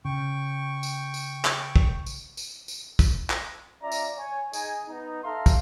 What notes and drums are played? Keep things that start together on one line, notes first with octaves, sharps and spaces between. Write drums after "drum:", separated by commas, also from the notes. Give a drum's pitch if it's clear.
C#3 G5 C#6
drum: tambourine
drum: tambourine
drum: clap
drum: kick
drum: tambourine
drum: tambourine
drum: tambourine
drum: kick, tambourine
drum: clap
C#4 F4 D5 E5 A#5
drum: tambourine
C#5 G#5
D#4 G#4 D#5 G#5, drum: tambourine
B3 D#4
A4 E5 F5 A#5 C6
drum: kick, tambourine